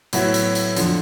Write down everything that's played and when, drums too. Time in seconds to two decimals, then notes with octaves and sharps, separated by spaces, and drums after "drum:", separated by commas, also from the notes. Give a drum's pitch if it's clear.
0.13 A2 F#3 B3 E4, drum: hi-hat
0.34 drum: hi-hat
0.55 drum: hi-hat
0.77 F2 D3 F3, drum: hi-hat